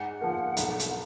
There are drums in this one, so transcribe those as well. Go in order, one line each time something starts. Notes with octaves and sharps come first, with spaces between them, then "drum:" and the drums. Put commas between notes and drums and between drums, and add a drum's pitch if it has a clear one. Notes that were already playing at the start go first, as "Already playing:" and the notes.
Already playing: G#2 F#5
F3 A#3
B1, drum: hi-hat
drum: hi-hat